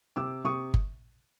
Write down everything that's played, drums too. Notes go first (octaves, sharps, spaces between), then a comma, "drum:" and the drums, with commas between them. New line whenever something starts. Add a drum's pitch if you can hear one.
C3 D6 E6
C3 C#6 D#6
drum: kick G1